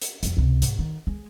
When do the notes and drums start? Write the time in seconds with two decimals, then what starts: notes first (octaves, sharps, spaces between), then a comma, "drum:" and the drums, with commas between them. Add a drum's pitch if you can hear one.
0.02 drum: hi-hat
0.23 F2 E3, drum: hi-hat
0.37 C#2 C3
0.62 G#2, drum: hi-hat
0.79 D#3
1.07 G#3